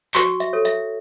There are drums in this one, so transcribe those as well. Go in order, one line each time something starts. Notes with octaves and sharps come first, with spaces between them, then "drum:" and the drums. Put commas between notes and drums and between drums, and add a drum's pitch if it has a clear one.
F#4 C#6, drum: clap
E5, drum: hi-hat
A4 C#5
E5, drum: hi-hat